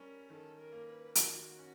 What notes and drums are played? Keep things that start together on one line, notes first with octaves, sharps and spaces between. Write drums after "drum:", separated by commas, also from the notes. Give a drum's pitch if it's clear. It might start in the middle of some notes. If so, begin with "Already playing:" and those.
Already playing: G3 C#4 A#4
D#3 A4
A#4
A#3
B4
D#3 F#4, drum: hi-hat
C#4